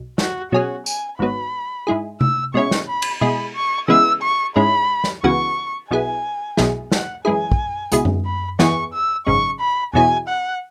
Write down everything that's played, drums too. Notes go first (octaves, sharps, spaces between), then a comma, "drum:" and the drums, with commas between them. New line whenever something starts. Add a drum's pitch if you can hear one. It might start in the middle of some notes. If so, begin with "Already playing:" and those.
Already playing: B1
F#4, drum: snare
B2 F#3 C#4 F#4 G#4
G#5, drum: tambourine
G#1 G#2 F#3 B3 B5
G#2 G#3 E4 G#4
E6, drum: tom C3
B2 G#3 C#4 E4 C#6
drum: snare
B5
drum: cymbal
B2 G#3 E4 G#4 B5
C#6
C#3 E3 G#3 B3 E4 E6
C#6
G#2 G#3 C#4 E4 B5
drum: snare
C#2 C#3 E3 B3 F#4 C#6
B1 B2 B3 E4 G#4 G#5
B1 B2 G#3 E4 G#4, drum: snare
F#5, drum: snare
F#2 E3 G#3 E4 G#4 G#5
drum: kick
C#2 B2 G#3 E4 G#4, drum: hi-hat
drum: tom F#2
B5
E2 E3 B3 E4 G#4 C#6, drum: snare
E6
G#1 F#2 C#3 G#3 C#6
B5
E2 B2 F#3 E4 G#4 G#5
F#5